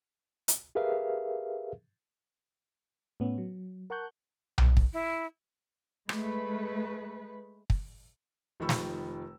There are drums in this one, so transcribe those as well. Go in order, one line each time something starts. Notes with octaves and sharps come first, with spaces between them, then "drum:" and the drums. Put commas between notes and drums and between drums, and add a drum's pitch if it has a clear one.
drum: hi-hat
G4 G#4 A#4 B4 E5 F5
A2 B3 C#4
F#3
A#4 F#5 A5 C#6 F#6 G6
drum: tom B1
drum: kick
E4
G#3 A3 B4, drum: rim click
drum: kick
F1 D#3 F3 B5 C#6 E6
drum: snare